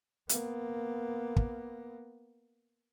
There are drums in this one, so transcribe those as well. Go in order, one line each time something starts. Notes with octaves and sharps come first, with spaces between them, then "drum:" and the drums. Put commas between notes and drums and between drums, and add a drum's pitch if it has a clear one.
A#3 B3, drum: hi-hat
drum: kick